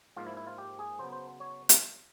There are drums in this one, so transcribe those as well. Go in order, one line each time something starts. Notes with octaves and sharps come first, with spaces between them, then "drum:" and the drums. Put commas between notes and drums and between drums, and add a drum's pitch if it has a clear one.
G#2 F3 A#3 F4
E4
E4
F4
G4
G#4
C#3 F#3 B3 C5
C5
C#5
drum: hi-hat